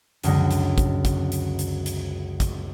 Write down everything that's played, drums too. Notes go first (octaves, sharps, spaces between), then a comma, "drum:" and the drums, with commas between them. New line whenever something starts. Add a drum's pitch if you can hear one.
C#2 F#2 D3 G#3, drum: hi-hat
drum: hi-hat
drum: kick, hi-hat
drum: kick, hi-hat
drum: hi-hat
drum: hi-hat
drum: hi-hat
drum: kick, hi-hat